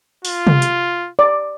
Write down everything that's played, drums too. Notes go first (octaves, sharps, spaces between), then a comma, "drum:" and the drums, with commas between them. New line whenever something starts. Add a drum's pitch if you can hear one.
F4, drum: open hi-hat
drum: tom C3
drum: hi-hat
D5